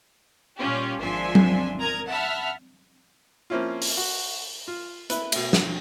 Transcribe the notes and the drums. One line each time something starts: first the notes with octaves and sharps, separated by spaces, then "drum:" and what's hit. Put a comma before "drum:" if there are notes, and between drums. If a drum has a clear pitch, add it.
A#2 G3 C#4 F4 G4
G#1 F3 D4 E5 G#5 C6
drum: tom F#3
A#4 A#5 D#6 G#6
E5 F#5 A5 B5 F6
F3 A#3 C4 C#4 E4 F4
drum: open hi-hat
F#4
F4
E4 B4, drum: hi-hat
B2 A3, drum: cymbal
drum: snare